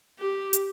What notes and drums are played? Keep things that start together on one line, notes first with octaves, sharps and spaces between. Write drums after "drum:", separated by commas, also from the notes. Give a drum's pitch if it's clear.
G4
drum: hi-hat